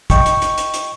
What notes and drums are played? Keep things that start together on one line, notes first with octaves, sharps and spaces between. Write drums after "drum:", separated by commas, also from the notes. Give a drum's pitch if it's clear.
D#5 G5 C#6, drum: kick, hi-hat
drum: hi-hat
drum: hi-hat
drum: hi-hat
drum: hi-hat